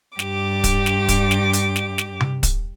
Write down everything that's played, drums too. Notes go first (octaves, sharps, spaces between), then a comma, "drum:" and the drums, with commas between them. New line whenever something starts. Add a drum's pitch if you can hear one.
G2 G4 D6, drum: snare
drum: kick, hi-hat
drum: snare
drum: kick, hi-hat
drum: snare
drum: hi-hat
drum: snare
drum: snare
drum: tom C3
drum: kick, hi-hat